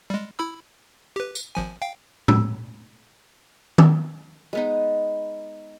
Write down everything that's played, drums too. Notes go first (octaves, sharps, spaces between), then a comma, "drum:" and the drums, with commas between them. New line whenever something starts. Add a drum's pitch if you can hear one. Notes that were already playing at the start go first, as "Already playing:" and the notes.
G3 G#3
E4 B5 E6
G4 B4
drum: tambourine
G#1 F3 G#5
F5 G5
E6, drum: tom A2
drum: tom D#3
G#3 B3 D#4